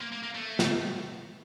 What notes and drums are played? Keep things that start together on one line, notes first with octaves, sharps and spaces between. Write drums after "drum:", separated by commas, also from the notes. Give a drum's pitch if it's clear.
A#3
A#3
A#3
A3
drum: snare